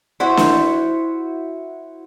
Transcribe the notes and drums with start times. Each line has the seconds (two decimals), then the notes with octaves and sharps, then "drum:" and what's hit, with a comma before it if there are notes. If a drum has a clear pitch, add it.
0.20 E4 F#4 C5
0.37 drum: snare